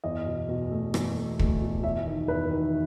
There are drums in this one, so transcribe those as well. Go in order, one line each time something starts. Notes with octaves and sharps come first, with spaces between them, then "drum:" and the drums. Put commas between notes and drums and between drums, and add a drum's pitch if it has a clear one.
E2 D#5
B2
B2
A3
E2, drum: rim click
A3
A3, drum: kick
B2
E2 E5
D#3
E2 B4
D#3